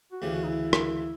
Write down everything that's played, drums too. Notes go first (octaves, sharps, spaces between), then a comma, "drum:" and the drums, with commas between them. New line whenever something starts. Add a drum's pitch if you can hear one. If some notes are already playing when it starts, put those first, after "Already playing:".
F#4
D2 C#3 E3 G4
F#4
D#4
E4
drum: rim click